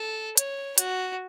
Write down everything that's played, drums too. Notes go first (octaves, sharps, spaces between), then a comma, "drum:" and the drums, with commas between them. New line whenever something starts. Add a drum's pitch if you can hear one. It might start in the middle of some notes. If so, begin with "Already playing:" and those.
Already playing: A4
C#5, drum: hi-hat
F#4, drum: hi-hat